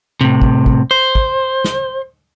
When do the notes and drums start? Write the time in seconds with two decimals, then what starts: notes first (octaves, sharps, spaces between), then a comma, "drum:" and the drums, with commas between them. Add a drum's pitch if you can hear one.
0.21 A2 C3
0.42 drum: kick
0.66 drum: kick
0.91 C5
1.15 drum: kick
1.64 drum: snare